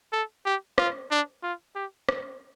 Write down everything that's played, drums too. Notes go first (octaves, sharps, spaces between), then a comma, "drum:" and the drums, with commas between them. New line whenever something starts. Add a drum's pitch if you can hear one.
A4
G4
F4, drum: rim click
D4
F4
G4
drum: rim click